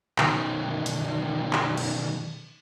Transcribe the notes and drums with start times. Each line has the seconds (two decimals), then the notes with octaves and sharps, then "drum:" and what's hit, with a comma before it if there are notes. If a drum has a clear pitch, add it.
0.18 B1 D#3, drum: clap
0.86 drum: hi-hat
1.53 drum: clap
1.77 drum: cymbal